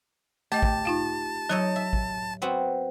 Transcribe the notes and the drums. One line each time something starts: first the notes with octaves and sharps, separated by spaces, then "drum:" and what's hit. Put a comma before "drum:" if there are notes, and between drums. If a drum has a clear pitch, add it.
A3 G4 D#5 A5 A6
drum: kick
D#4 F4 F5
F#3 D#4 C#5 D#5 E6
E5
drum: kick
B3 C4 F#4